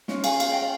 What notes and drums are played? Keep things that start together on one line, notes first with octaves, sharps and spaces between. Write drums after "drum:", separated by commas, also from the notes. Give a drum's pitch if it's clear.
C#4 F4, drum: snare
F5 G#5, drum: cymbal
F5 G#5, drum: cymbal
D#5 G5
F5